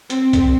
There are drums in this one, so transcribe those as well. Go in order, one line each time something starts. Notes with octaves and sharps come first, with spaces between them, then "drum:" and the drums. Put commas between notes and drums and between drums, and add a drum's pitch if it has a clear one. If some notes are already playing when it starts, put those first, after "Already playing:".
C4, drum: hi-hat
drum: kick C2, hi-hat